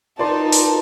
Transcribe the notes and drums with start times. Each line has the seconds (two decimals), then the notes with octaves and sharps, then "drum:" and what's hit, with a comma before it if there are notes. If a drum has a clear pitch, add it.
0.19 D#4 F4 A#4 B4 D5 A5 C6
0.52 drum: open hi-hat